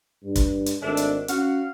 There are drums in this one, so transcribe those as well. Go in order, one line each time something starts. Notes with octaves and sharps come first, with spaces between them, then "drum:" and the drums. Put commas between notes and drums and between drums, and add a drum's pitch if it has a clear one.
G2
drum: kick, hi-hat
drum: hi-hat
G#1 A3 D4
drum: hi-hat
C#4 F#4 F5 F#5, drum: hi-hat